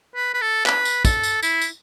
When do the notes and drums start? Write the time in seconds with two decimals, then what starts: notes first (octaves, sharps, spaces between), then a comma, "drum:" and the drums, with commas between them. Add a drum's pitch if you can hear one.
0.15 B4
0.34 B4
0.41 A4
0.66 B4, drum: clap
0.85 drum: tambourine
1.05 A4, drum: kick, tambourine
1.23 drum: tambourine
1.43 E4, drum: tambourine
1.61 drum: tambourine